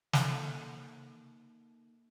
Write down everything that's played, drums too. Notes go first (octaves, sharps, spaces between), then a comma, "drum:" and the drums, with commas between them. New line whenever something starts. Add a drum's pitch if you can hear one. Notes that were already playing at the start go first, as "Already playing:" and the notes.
A#3 D#4 A4, drum: snare